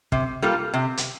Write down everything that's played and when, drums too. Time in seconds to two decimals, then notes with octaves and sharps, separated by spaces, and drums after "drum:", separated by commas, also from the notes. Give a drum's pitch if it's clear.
0.12 C3, drum: kick
0.42 G3 A#3 F4 A4
0.74 C3
0.97 drum: hi-hat